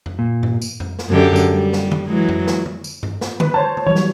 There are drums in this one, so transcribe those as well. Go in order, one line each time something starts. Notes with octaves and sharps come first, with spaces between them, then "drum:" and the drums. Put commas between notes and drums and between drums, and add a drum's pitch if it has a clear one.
drum: tom F2
A#2
drum: tom G2
drum: tambourine
drum: tom F2
drum: snare
F#2 D3 G4
drum: tambourine
G3
drum: snare
drum: tom D3
E3 F#3 G#3
drum: tom F2
drum: snare
drum: tom D3
drum: tambourine
drum: tom G2
drum: snare
B4, drum: tom D3
C5 C#5 A5
drum: tom D3
E3 F#3 G3 C#5
drum: snare